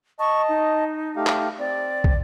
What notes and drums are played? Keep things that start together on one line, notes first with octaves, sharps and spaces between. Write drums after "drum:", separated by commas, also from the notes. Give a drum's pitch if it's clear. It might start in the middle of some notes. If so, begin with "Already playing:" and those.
D#5 A5 C#6
D#4
A3 G4 F5
drum: clap
C4 D5
drum: kick